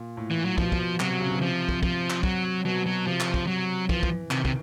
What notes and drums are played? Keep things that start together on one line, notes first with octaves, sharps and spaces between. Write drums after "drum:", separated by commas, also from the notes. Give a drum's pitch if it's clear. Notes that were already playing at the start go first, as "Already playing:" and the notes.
Already playing: A#2
A2
E3
F#3
B2 F3, drum: kick
drum: kick
C3 F#3, drum: clap
C#3
B2
C3 F3
drum: kick
F3, drum: kick
drum: clap
F#3, drum: kick
B2 F#3
F#3
C3 F3
drum: clap
drum: kick
F#3
E3 F3, drum: kick
drum: kick
C3 D#3, drum: clap
C3, drum: kick